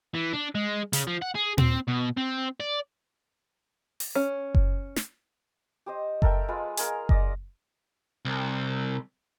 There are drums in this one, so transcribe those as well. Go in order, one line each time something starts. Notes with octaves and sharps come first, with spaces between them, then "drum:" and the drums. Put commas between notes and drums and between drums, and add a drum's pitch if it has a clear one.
E3
D4
G#3
C#3, drum: hi-hat
F3
F#5
G#4
C4, drum: tom A#2
B2
C4
D5
drum: open hi-hat
C#4
drum: kick F#1
drum: snare
G4 C5 D#5
A4 A#4 E5 G5, drum: kick F#1
G#3 F4 B4
G#4 A#4 F5, drum: hi-hat
D5 D#5, drum: kick F#1
C2